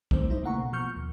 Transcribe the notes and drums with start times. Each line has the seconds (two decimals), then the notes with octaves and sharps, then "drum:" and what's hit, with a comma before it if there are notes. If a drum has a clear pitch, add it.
0.11 D#3 G3 A3 C4 C5, drum: kick A#1
0.30 D#4 E4 C5 D#5
0.43 C#3 A3 A#3 F#5 A#5 C#6
0.59 B2
0.73 B2 F3 C#6 F6 G6 C#7
0.96 D#2